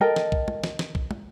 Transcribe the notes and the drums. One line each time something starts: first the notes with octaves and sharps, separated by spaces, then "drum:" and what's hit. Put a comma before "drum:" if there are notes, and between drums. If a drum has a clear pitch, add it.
A4 A#4 D#5 G5
drum: snare
drum: kick B1
drum: tom
drum: snare
drum: snare
drum: kick B1
drum: tom